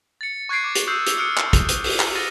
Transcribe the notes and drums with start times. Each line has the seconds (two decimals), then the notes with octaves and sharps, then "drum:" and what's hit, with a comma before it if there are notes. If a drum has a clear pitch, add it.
0.21 A6 C#7
0.49 C#6 F#6 G#6 A6 C7 D7
0.64 D6 C7
0.75 drum: hi-hat
0.87 C#6 D#6 E6 F#6 G6 C7
1.07 drum: hi-hat
1.17 D#6 F6 F#6 C#7 D7
1.38 drum: clap
1.53 drum: kick, hi-hat
1.69 drum: hi-hat
1.84 drum: open hi-hat
2.00 drum: clap
2.15 F6 A6 A#6 D#7